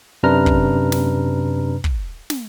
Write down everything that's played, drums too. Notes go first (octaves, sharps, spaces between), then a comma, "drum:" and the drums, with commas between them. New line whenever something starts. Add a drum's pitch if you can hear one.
F#2 C3 D4 B4 A#5 F6
drum: kick
drum: snare
drum: kick
drum: snare